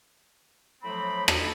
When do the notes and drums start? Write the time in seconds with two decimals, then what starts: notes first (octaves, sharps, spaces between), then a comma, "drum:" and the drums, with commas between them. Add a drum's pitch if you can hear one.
0.83 A2 F3 F#3 A3 C4 B5
1.28 D#4 E4 G4 A4, drum: rim click